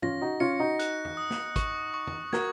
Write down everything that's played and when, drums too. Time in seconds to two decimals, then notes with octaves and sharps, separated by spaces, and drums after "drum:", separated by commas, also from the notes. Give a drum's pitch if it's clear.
0.02 C#4 F4 A#6, drum: tom
0.21 D#4 F#4
0.40 C#4 F4 C#7
0.60 D#4 F#4
0.79 F#6, drum: hi-hat
1.05 drum: tom
1.17 D#6
1.30 drum: snare
1.56 C#6, drum: kick, hi-hat
1.94 C#6
2.07 drum: tom
2.33 F#4 A#4 G#6, drum: snare